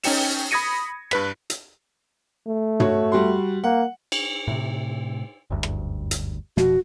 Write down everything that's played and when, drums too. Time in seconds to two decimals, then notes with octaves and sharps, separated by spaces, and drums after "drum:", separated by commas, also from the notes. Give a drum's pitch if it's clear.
0.04 C#4 D#4 G5 C#7 E7, drum: open hi-hat
0.51 B5 D#6 G#6 A#6 C#7 D#7
1.11 G2 B4 B6, drum: rim click
1.50 drum: hi-hat
2.47 A3
2.80 F#4 C#5, drum: tom
3.12 G3 F#4 C6
3.64 A#3 F#5
4.12 drum: cymbal
4.48 A2 C3
5.50 F#1 D2 G2
5.63 drum: rim click
6.11 drum: hi-hat
6.57 F1 B2 F3 F#4, drum: snare